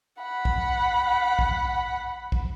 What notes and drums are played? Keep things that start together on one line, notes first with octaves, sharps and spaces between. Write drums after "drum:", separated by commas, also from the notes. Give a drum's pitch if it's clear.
F#5 B5
drum: kick A#1
drum: kick A#1
drum: kick A#1